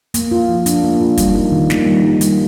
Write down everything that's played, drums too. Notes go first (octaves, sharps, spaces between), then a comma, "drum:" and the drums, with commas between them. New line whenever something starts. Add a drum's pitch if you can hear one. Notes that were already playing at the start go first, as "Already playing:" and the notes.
A#3, drum: hi-hat
F4
F3
D4, drum: hi-hat
A#3
F4
G3, drum: kick, hi-hat
D#4
D#3
A#3, drum: snare
G3
D#4
G3, drum: hi-hat